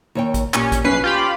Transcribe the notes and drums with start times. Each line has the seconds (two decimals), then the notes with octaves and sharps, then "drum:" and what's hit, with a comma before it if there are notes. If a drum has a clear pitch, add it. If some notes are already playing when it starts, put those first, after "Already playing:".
0.15 D#2 C#5 G5
0.34 drum: kick A1, hi-hat
0.54 A#2 C#4 G4, drum: clap
0.72 drum: kick A1, hi-hat
0.84 B1 C#4 B4 C#5 C7
1.04 F4 G4 B5